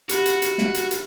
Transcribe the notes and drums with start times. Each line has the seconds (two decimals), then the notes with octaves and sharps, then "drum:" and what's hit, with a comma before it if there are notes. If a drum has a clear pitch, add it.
0.09 F#4 G4 B5 F#6, drum: hi-hat
0.26 drum: hi-hat
0.42 drum: hi-hat
0.58 drum: snare
0.74 drum: hi-hat
0.91 drum: hi-hat